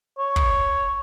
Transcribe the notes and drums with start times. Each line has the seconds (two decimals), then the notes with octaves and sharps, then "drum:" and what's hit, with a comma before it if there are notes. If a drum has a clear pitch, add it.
0.19 C#5
0.36 drum: kick